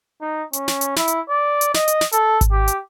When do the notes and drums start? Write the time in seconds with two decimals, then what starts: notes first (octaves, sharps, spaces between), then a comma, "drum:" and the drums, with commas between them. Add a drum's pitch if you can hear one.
0.21 D#4
0.53 C#4, drum: hi-hat
0.68 drum: snare
0.81 drum: hi-hat
0.96 E4, drum: snare
1.08 drum: hi-hat
1.29 D5
1.61 drum: hi-hat
1.74 D#5, drum: snare
1.88 drum: hi-hat
2.01 drum: snare
2.12 A4, drum: hi-hat
2.41 drum: kick G#1, hi-hat
2.51 G4
2.68 drum: hi-hat